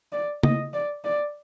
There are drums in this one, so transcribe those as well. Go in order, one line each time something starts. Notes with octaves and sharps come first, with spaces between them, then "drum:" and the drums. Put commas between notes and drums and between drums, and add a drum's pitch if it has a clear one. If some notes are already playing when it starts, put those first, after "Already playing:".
D5
D#5, drum: tom
D5
D5